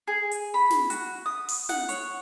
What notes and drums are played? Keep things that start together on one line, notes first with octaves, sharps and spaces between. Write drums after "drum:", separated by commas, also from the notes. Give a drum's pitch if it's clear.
G#4
drum: hi-hat
B5
drum: snare
F#4, drum: hi-hat
D#6
drum: open hi-hat
F#5, drum: snare
C#5, drum: hi-hat